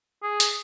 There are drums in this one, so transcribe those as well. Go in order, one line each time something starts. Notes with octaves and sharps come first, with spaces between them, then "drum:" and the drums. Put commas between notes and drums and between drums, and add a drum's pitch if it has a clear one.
G#4
drum: hi-hat